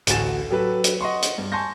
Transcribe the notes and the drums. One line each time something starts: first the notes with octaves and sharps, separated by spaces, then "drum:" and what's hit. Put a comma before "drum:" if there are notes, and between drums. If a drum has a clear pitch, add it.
A1 D2 F#4 G#5 A6 E7, drum: hi-hat
F#3 G4 A4 B4
drum: hi-hat
D#5 F#5 C6 C#6
drum: hi-hat
G2
G#5 A5 C6 C#6 G6 A#6